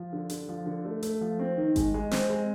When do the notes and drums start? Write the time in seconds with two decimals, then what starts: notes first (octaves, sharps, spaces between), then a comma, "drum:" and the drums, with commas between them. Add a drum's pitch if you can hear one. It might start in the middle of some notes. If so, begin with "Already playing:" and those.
Already playing: F3
0.13 D3
0.30 D3, drum: hi-hat
0.48 F3
0.66 D3
0.85 A3
1.03 A3, drum: hi-hat
1.21 F3
1.39 C4
1.57 D#3
1.76 G#3, drum: kick G#1, hi-hat
1.94 G#3
2.11 C4, drum: snare
2.30 G#3